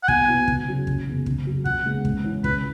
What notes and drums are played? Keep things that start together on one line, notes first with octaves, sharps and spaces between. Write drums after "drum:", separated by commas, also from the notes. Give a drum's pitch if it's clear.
F#5
B1 G#5, drum: kick
B2 B3 E4
C#2, drum: kick
C#3 F#3 C#4
F#1, drum: kick
E2 C#3
C#2, drum: kick
C#3 F#3
C#2 F#5, drum: kick
C#3 G#3 B3
G#2, drum: kick
E3 C#4 E4
C#2 B4, drum: kick